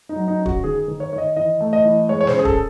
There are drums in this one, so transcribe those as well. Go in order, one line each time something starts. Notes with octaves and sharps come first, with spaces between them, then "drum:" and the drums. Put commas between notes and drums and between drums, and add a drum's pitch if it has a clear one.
D#4
F#3
D#4
C#4
F#4, drum: kick
D#3 G#4
D#3
C#5
D#3 C#5
D#5
E3 D#5
A3
D#5
E3
G#3 C#5
C#5
C5, drum: snare
C#4
G#4
A4, drum: kick